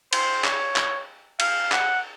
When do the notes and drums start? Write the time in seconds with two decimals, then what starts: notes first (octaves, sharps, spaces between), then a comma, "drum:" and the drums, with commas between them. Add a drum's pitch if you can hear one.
0.13 C5, drum: cymbal
0.44 C#5, drum: clap
0.76 drum: clap
1.40 F5, drum: cymbal
1.72 F#5, drum: clap